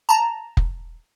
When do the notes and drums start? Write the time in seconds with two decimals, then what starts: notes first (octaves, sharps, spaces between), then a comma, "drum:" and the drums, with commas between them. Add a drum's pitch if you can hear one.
0.09 A5 A#5
0.57 drum: kick F1